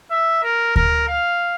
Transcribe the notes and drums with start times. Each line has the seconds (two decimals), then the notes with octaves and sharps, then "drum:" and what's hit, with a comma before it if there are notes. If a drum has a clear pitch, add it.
0.11 E5
0.43 A#4
0.76 A#4, drum: kick D2
1.08 F5